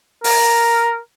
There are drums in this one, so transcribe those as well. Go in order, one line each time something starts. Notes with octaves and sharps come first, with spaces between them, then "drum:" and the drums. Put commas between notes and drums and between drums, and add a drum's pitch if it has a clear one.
A#4, drum: open hi-hat